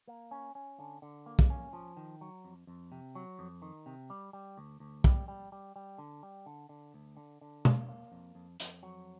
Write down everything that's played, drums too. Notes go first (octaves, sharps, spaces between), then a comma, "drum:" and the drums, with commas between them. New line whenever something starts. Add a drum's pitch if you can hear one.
A#3
C#4
C#4
D3
D3
A#3
drum: kick
C#4
F3
D#3
F#3
F2
F2
C3
F#3
F2
D#3
C3
G3
G3
D2
D2
G3, drum: kick
G3
G3
G3
D3
G3
D3
D3
D2
D3
D3
A#3, drum: tom
A#3
F2
F2
F2, drum: hi-hat
F#3